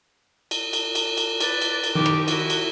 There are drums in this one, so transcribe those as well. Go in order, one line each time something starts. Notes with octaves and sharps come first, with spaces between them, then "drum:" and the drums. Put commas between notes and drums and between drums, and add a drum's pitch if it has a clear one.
drum: cymbal
drum: cymbal
drum: cymbal
drum: cymbal
B4 D5, drum: cymbal
drum: cymbal
drum: cymbal
D#3 F3 G4 D6
drum: rim click
E4 F#4, drum: cymbal
drum: cymbal